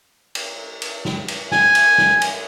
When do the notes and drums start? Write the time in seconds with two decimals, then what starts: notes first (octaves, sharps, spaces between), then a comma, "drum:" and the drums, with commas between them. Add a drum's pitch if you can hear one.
0.35 drum: cymbal
0.82 drum: cymbal
1.05 drum: snare
1.28 drum: cymbal
1.52 G#5, drum: snare
1.75 drum: cymbal
1.98 drum: snare
2.22 drum: cymbal